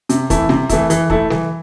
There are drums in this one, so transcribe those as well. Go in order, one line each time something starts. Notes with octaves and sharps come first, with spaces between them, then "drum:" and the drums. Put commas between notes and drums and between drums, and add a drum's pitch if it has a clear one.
C3, drum: hi-hat
E3 A3 E4, drum: kick, hi-hat
C3, drum: snare
E3 A3 E4, drum: kick, hi-hat
E3, drum: hi-hat
A3 E4 A4, drum: kick
E3, drum: snare